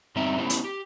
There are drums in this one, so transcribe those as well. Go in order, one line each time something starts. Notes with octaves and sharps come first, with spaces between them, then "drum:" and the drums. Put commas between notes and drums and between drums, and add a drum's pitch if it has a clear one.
G2 G3 C4 D#4 E5 A#5
B3 C#4 E4 G4 C5
drum: hi-hat
G4